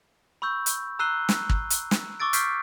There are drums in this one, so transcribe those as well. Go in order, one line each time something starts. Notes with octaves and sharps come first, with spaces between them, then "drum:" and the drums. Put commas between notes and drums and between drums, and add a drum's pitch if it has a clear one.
B5 C#6 E6 G6
drum: hi-hat
A#5 E6 F#6 C7 D#7 G7
drum: snare
drum: kick
drum: hi-hat
drum: snare
C#6 D6 E6 A6 D7
C#6 F6 G6 B6 C7 D7, drum: hi-hat